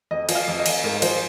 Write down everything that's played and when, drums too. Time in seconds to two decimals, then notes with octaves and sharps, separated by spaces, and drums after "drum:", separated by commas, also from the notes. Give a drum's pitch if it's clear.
0.11 F2 D#5
0.29 F3, drum: cymbal
0.35 F5
0.48 F2
0.60 D#5
0.66 F2, drum: cymbal
0.84 G#2 A#4
1.02 F3 C5, drum: cymbal